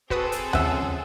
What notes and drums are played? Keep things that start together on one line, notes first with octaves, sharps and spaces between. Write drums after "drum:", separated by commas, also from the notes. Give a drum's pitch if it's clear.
C4 F#4 G#4 A4 B4 D#6, drum: kick
drum: hi-hat
F2 C#3 E5 F#5, drum: tom D#2